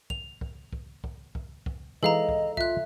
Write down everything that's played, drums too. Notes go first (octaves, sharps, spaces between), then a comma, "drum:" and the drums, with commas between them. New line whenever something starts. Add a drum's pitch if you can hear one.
F7, drum: kick
drum: kick
drum: kick
drum: kick
drum: kick
drum: kick
E3 G#3 D#4 A4 D#5 F5 A#5
drum: kick
F4 E5 F#6, drum: kick